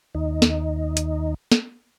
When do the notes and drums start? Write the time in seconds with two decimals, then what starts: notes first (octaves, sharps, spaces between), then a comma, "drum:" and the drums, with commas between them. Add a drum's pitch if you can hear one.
0.15 D#2 D#4
0.42 drum: snare
0.97 drum: hi-hat
1.52 drum: snare